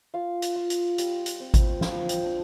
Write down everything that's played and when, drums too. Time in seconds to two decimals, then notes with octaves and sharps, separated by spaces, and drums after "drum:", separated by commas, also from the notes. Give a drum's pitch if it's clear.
0.14 F4 F5
0.42 drum: hi-hat
0.56 F4
0.70 drum: hi-hat
0.98 G3, drum: hi-hat
1.26 drum: hi-hat
1.40 C4
1.54 drum: kick G#1, hi-hat
1.81 F3 F5, drum: snare
2.09 G5, drum: hi-hat
2.24 D4